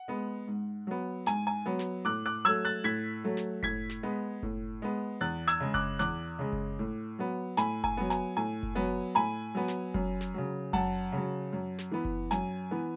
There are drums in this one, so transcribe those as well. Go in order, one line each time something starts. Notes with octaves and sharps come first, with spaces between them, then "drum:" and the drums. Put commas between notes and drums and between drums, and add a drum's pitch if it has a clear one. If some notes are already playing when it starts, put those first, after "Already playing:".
Already playing: F#5
G#3 B3
G#2
F#3 B3
G#2 G#5, drum: snare
G#5
F#3 B3
drum: snare
A2 D6 F#6
D6 F#6
F#3 A3 E6 G#6
F#6 A6
A2 G#6 B6
F#3 A3
drum: snare
A2 G#6 B6, drum: kick F#1
drum: snare
G#3 B3
A2, drum: kick F#1
G#3 B3
E2 F#6 A6
E6 G#6, drum: snare
C#3 G#3
D6 F#6, drum: kick F#1
E2 D6 F#6, drum: snare
C#3 G#3
drum: kick F#1
A2
F#3 B3
A2 G#5 B5, drum: snare
G#5, drum: kick F#1
F#3 B3
G#5, drum: snare
A2 G#5
drum: kick F#1
F#3 B3
A2 G#5 B5
F#3 B3
drum: snare
F#2, drum: kick F#1
drum: snare
C#3 F#3
F#2 F#5 A5, drum: kick F#1
C#3 F#3
F#2
drum: snare
E3 B3
drum: kick F#1
F#2 G#5, drum: snare
E3 B3